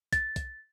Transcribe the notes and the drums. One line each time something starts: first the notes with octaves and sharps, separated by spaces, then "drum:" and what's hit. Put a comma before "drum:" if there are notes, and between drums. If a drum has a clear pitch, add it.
A6, drum: kick, hi-hat
drum: kick, hi-hat